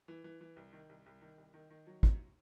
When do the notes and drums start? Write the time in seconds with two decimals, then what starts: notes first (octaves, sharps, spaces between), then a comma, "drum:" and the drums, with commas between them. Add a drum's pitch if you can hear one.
0.08 E3
0.24 E3
0.41 E3
0.56 C2
0.73 D#3
0.89 C2
1.06 C2
1.22 D#3
1.38 C2
1.54 D#3
1.70 D#3
1.87 F#3
2.03 F#2, drum: kick